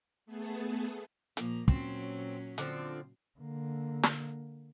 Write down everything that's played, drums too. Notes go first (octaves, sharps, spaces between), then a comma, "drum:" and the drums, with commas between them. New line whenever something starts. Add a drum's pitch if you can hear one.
A3 B3 G#4 A4
A#2 F3 A#3, drum: hi-hat
A#2 F#3 C4 C#4, drum: kick
D3 F3 C4, drum: hi-hat
D3 A#3
drum: snare